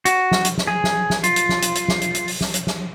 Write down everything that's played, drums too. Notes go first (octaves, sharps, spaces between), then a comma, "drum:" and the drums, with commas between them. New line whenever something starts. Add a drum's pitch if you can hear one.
F#4, drum: hi-hat
drum: snare
drum: hi-hat
drum: snare
G#4
drum: snare
drum: snare
F4, drum: hi-hat
drum: hi-hat
drum: snare
drum: hi-hat
drum: hi-hat
drum: snare
drum: hi-hat
drum: hi-hat
drum: open hi-hat
drum: snare
drum: hi-hat
drum: snare